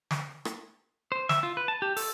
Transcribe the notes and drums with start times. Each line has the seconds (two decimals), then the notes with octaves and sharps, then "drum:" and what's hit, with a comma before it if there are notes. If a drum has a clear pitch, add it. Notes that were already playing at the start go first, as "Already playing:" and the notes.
0.11 drum: snare
0.45 drum: rim click
1.12 C5
1.29 E5, drum: snare
1.43 F4
1.57 B4
1.68 A5
1.82 G4
1.97 A4, drum: open hi-hat